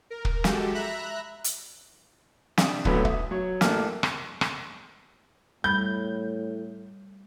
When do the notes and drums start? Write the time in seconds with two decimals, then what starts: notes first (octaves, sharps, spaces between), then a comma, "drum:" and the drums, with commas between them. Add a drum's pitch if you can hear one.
0.10 A#4
0.25 drum: kick
0.44 G#3 F#4 G4 A4, drum: snare
0.74 E5 A#5 B5 F#6
1.44 drum: hi-hat
2.58 C3 D4 D#6, drum: snare
2.85 B1 A2 D3 F#3 B3, drum: kick
3.05 E5 D#6, drum: kick
3.31 F#3 C#5
3.61 A1 A#3 A4 D6 F6, drum: snare
4.03 drum: rim click
4.41 drum: rim click
5.64 A2 G3 B5 G6